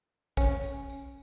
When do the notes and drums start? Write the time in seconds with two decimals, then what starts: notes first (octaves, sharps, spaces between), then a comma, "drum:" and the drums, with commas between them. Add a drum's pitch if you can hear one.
0.37 C#4, drum: kick, tambourine
0.63 drum: tambourine
0.89 drum: tambourine